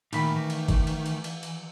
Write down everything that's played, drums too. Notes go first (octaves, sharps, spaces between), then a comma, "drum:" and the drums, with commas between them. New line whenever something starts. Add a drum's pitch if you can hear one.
A#2 D#3 A3 D#4 B5, drum: cymbal
E3
drum: cymbal
drum: kick, cymbal
drum: cymbal
drum: cymbal
drum: cymbal
drum: cymbal